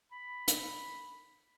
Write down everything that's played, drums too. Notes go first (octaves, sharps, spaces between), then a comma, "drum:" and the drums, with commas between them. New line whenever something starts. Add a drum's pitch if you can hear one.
B5
drum: hi-hat